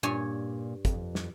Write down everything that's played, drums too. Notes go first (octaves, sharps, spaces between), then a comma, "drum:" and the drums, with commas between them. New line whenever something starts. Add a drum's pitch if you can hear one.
G2 A#2 C#5 G#5
F2, drum: kick, hi-hat
drum: snare